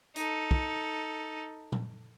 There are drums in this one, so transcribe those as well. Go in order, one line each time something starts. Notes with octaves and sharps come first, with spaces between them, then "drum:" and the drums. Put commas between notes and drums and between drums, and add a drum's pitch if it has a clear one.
D#4 A4, drum: hi-hat
drum: kick
drum: tom A#2